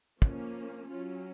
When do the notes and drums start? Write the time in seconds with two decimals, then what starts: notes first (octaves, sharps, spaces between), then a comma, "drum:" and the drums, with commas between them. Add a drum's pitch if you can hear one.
0.22 F3 A#3 C#4, drum: kick
0.90 F#3 C#4 F4